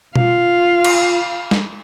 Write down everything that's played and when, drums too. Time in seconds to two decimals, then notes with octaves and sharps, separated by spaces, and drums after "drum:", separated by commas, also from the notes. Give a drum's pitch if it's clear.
0.16 F4 F5, drum: tom B2
0.84 drum: cymbal
1.51 drum: snare